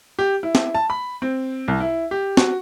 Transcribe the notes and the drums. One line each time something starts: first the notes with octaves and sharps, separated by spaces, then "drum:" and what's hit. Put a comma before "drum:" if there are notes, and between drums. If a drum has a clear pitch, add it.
G4
E4
drum: snare
A5
B5
C4
C2
E4
G4
F#4, drum: snare